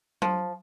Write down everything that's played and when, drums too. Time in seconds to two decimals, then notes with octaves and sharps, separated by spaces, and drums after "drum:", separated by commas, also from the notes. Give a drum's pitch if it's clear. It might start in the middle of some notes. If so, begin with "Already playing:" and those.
0.22 F3, drum: tom F#3